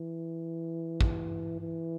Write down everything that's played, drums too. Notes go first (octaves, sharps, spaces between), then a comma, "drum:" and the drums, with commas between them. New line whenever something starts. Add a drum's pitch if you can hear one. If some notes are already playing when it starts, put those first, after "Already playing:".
Already playing: E3
drum: kick
E3